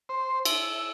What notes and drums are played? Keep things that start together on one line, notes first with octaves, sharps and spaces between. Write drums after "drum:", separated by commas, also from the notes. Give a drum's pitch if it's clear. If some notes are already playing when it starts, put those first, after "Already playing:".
C5
E5, drum: cymbal